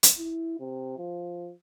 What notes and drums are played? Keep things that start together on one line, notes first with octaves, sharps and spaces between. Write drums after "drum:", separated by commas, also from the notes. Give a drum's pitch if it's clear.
drum: hi-hat
E4
C3
F3